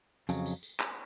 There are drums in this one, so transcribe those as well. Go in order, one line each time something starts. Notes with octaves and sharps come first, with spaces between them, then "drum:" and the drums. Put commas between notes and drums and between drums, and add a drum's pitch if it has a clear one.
F2 C#3 F#3, drum: tambourine
drum: tambourine
drum: tambourine
drum: clap